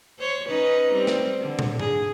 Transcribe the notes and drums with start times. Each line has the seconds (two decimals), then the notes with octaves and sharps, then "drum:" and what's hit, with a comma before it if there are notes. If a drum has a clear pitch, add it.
0.19 C5 C#5
0.47 C#4 D#4 B4
0.91 G3 C4
1.07 drum: snare
1.40 D3
1.59 drum: tom
1.80 G#4, drum: tom G#2